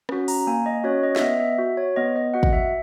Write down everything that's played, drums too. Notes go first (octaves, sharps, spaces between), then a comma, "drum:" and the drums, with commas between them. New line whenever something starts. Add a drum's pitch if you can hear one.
C#4 F#4, drum: rim click
A#5, drum: open hi-hat
A#3 G#5
D#5
C#4 F#4 C#5
D#5
E5, drum: snare
B3 D#5
E5
F#4
C#5
B3 D#5
D#5
F#4 F#5
drum: kick
E5